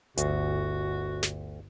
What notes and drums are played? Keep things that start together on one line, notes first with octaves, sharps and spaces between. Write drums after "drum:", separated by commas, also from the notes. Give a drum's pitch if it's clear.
G1 D2 F#4, drum: hi-hat
drum: snare